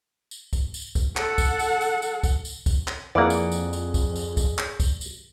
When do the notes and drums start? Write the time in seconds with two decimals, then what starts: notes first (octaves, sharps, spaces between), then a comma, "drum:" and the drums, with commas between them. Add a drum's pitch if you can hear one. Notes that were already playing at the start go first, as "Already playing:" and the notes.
0.31 drum: tambourine
0.53 drum: kick C2, tambourine
0.74 drum: tambourine
0.95 drum: kick C2, tambourine
1.17 A4 F#5, drum: clap
1.38 drum: kick C2, tambourine
1.59 drum: tambourine
1.81 drum: tambourine
2.02 drum: tambourine
2.23 drum: kick C2, tambourine
2.45 drum: tambourine
2.66 drum: kick C2, tambourine
2.88 drum: clap
3.15 F2 E3 A#3 G#4 D5 F#5 G#5 A#5
3.30 drum: tambourine
3.52 drum: tambourine
3.73 drum: tambourine
3.94 drum: kick C2, tambourine
4.16 drum: tambourine
4.37 drum: kick C2, tambourine
4.58 drum: clap
4.80 drum: kick C2, tambourine
5.01 drum: tambourine